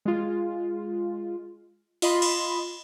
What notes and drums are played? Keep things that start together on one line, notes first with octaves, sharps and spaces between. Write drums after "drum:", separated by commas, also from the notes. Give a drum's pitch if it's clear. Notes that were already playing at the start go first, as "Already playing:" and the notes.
G#3 F4
F4 D#5 B5 C6, drum: open hi-hat
drum: cymbal